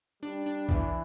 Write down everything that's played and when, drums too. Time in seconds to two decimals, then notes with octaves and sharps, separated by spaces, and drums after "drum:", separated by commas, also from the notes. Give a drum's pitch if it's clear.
0.23 G3 D4
0.46 D4
0.69 E2 E3, drum: kick A#1